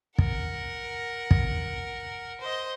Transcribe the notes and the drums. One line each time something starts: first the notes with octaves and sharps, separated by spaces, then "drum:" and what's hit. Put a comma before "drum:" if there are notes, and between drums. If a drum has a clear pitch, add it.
A#4 F#5, drum: kick
drum: kick
C5 D#5